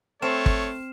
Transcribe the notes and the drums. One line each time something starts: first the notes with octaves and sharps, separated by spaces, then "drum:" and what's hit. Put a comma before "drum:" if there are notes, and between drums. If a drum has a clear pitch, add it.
A3 C4 C#5 F6 C7 E7
drum: kick